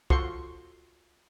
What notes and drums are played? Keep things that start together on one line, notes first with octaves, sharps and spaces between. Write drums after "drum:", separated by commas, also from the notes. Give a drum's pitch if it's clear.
F4 F#4 A4 C5 C6 C#6, drum: kick